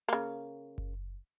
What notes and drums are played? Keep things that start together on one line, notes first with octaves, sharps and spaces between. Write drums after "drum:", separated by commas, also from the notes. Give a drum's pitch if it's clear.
C#3 A#3
drum: kick F#1